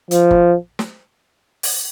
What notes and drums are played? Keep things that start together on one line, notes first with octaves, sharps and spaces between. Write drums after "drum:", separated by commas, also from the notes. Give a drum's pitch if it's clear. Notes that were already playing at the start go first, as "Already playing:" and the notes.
F3, drum: hi-hat
drum: kick G1
drum: snare
drum: open hi-hat